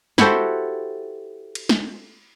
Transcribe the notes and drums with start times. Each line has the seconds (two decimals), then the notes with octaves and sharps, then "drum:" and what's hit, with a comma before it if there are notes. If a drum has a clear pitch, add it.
0.18 E4 F#4 G4 A4 C5, drum: snare
1.55 drum: cymbal
1.69 drum: snare